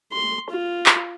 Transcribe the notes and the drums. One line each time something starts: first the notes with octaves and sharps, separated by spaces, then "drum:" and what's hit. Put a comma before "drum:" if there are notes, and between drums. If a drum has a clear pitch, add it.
C6
F4
drum: clap